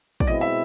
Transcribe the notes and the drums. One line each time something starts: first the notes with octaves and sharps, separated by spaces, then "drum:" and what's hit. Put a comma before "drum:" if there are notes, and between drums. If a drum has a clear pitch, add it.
D5, drum: kick
B2 G#3 C4 E4 D#5
E5